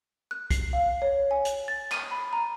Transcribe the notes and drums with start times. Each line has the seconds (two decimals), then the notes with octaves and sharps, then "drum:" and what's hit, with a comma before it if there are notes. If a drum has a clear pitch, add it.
0.31 F#6
0.50 C7, drum: kick B1, hi-hat
0.73 F5
1.02 C#5
1.31 G#5
1.45 drum: hi-hat
1.68 A6
1.92 D#7, drum: clap
2.11 B5
2.33 A#5